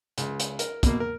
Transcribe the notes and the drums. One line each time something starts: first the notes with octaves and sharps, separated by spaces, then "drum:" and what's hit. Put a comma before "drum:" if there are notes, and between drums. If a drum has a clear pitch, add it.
C#2, drum: hi-hat
drum: hi-hat
A#4, drum: hi-hat
B2 A#3, drum: kick, hi-hat
A#4